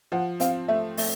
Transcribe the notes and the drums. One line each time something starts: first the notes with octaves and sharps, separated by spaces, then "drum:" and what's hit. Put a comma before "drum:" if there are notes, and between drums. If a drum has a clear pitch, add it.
F3 F#5
C4 F5, drum: hi-hat
A3 E5
A3, drum: open hi-hat